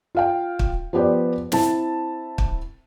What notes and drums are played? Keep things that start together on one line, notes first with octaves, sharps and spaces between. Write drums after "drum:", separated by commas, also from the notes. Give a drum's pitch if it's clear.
F4 F5 G5
drum: kick
F3 B3 G4 C5 D5
C4 E4 A5, drum: snare
drum: kick